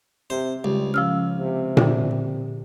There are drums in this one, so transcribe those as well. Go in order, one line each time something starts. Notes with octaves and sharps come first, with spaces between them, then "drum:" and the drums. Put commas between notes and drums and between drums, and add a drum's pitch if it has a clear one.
C3 C5
C#2 G3
F3 C#4 E6 F6
C3
A#2 D3, drum: tom A#2